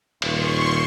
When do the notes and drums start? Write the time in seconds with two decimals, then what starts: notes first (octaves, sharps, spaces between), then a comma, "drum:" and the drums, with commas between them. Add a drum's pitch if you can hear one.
0.22 D#1 C6 C#6, drum: cymbal